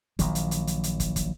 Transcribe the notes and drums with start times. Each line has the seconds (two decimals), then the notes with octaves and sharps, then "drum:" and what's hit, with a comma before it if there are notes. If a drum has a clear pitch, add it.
0.19 A#1 D#3 F#3, drum: kick, hi-hat
0.35 drum: hi-hat
0.51 drum: hi-hat
0.67 drum: hi-hat
0.84 drum: hi-hat
1.00 drum: kick, hi-hat
1.16 drum: kick, hi-hat